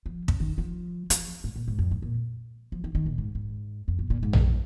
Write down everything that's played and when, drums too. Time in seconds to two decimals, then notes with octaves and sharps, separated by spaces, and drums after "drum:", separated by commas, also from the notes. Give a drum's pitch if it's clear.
0.06 F3
0.28 C#3, drum: kick
0.40 D#3
0.58 F3
1.10 F3, drum: hi-hat
1.44 G#2
1.56 A#2
1.68 G#2
1.79 F2
1.91 G#2
2.02 A#2
2.72 F3
2.84 D#3
2.95 D#3
3.06 A#2
3.18 G#2
3.35 G#2
3.88 F2
3.99 A#2
4.10 A#2
4.23 G#2
4.33 F2, drum: tom A#1